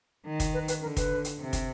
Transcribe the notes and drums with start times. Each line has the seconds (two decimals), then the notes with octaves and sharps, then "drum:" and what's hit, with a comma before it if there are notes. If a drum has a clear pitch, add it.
0.26 D#3
0.40 drum: kick, hi-hat
0.54 B4
0.68 B4, drum: hi-hat
0.82 D3 A#4
0.97 B4, drum: kick, hi-hat
1.24 drum: hi-hat
1.39 C3
1.53 drum: kick, hi-hat